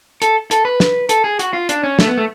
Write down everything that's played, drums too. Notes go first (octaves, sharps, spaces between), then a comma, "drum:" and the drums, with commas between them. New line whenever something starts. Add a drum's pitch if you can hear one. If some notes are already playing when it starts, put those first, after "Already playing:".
A4, drum: hi-hat
A4, drum: hi-hat
B4
drum: snare
A4, drum: hi-hat
G#4
F#4, drum: hi-hat
F4
D4, drum: hi-hat
C#4
A3, drum: snare
B3
A3